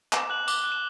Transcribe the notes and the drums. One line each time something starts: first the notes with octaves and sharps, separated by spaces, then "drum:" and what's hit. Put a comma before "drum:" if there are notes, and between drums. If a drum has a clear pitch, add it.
D6 E7, drum: clap
F#6 F#7
D6 G7, drum: tambourine
F#6
E7